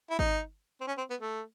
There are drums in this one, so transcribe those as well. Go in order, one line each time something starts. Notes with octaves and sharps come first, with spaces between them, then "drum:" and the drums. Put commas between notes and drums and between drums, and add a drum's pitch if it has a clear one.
E4
D#4, drum: kick G#1
C4
C#4
C4
B3
A3